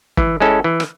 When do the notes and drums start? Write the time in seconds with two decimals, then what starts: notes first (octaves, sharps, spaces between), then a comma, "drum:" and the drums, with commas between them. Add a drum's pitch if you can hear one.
0.17 E3, drum: kick
0.40 G#3 C#4 E4 A4
0.64 E3
0.80 drum: rim click